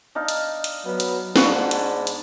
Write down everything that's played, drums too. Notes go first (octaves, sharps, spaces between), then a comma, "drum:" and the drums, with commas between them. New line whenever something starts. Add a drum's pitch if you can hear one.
D4 D#4 F5
drum: hi-hat
drum: hi-hat
F#3 B3
drum: hi-hat
G#2 B3 D4 F4 F#4 D5, drum: snare
drum: hi-hat
drum: hi-hat